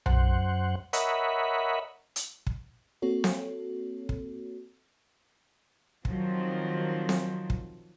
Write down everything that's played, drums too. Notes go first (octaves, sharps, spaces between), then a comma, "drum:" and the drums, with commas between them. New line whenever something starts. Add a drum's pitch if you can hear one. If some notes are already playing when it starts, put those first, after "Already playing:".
F#2 C5 F#5, drum: tom B1
A#4 C#5 D#5 E5 F#5 B5, drum: hi-hat
drum: hi-hat
drum: kick
A#3 C4 F#4 A4 C#5
drum: snare C4
drum: kick
D#3 F3 F#3 C4, drum: kick
drum: snare C4
drum: kick